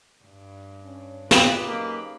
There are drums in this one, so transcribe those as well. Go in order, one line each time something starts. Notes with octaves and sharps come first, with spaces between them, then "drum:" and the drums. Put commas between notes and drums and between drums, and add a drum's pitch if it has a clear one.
G2
C#4
C3 F4 G4 G#4 B4, drum: snare
F#3 A#3 C#4 D#4